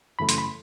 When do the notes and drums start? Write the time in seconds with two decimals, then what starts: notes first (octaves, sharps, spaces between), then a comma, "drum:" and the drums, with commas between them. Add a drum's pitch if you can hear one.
0.19 F#2 C#3 E3 A3 C#4 B5
0.29 C6, drum: hi-hat
0.38 B5